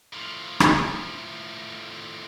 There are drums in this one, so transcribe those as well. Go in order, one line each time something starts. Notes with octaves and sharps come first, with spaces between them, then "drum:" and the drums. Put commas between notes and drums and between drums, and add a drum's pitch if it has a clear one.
A2 F3
drum: rim click